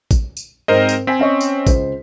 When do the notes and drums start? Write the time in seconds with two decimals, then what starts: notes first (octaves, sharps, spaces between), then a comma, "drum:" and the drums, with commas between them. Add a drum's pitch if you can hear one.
0.11 drum: kick, tambourine
0.37 drum: tambourine
0.68 G#2 C4 A#4 C5 D#5
0.89 drum: tambourine
1.07 C4 G#5 B6
1.19 C#4 D#5 C#6
1.41 drum: tambourine
1.67 C#2 C5, drum: kick, tambourine